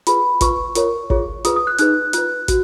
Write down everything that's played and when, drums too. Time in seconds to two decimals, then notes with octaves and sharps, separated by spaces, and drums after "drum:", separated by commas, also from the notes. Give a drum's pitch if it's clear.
0.07 F4 G#4 B4 B5, drum: hi-hat
0.41 F4 B4 C#6, drum: kick, hi-hat
0.75 F4 A#4 C#5, drum: hi-hat
1.10 F4 G#4 C#5, drum: kick
1.45 F4 G#4 B4 D#6, drum: hi-hat
1.56 D#6
1.67 F#6
1.79 D#4 G#4 B4 F#6, drum: hi-hat
2.13 F4 B4 F#6, drum: hi-hat
2.48 F#4, drum: kick, hi-hat